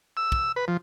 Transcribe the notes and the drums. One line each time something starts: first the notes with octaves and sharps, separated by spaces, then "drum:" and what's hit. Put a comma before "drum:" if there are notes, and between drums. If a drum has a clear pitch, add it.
E6
drum: kick
B4
F3